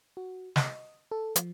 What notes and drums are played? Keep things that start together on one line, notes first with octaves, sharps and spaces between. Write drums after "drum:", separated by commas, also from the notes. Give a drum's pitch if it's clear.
F#4
D#5, drum: snare
A4
F3, drum: hi-hat